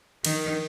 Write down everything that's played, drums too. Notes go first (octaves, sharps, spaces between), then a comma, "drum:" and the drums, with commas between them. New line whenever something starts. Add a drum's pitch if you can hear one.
D#3, drum: cymbal